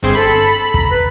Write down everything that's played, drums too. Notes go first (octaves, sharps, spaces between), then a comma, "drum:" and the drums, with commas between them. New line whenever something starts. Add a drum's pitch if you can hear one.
G1 C4 G#4 C6
A4 B5
A#5, drum: kick
B4